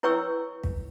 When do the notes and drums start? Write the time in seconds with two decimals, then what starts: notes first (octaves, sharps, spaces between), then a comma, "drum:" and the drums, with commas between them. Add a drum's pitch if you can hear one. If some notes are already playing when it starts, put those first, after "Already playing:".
0.03 E4 B4 C#5 G5 C#6 E6
0.64 drum: kick